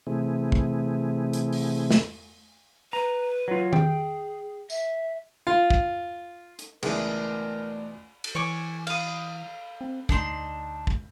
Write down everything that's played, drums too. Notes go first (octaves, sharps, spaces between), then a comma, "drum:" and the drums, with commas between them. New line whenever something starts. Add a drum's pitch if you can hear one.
C3 E3 A3 C4 E4 G#4
drum: kick
drum: hi-hat
drum: open hi-hat
drum: snare
B4 A#5
F#3 F4
G#4 G5, drum: tom D#3
E5, drum: tambourine
F4
drum: kick
drum: hi-hat
C#2 B2 E3 A3 G#4 A#4 D5, drum: cymbal
drum: cymbal
E3 C#5 G#5 D6
F5 D#6, drum: cymbal
C4
D2 D4 D#4 C6, drum: kick
drum: kick